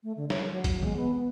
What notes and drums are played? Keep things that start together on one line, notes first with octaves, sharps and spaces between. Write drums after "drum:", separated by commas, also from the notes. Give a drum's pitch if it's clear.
A3
D3
C#5, drum: snare
F#3
drum: kick G#1, hi-hat
G#3, drum: tom
B3
B3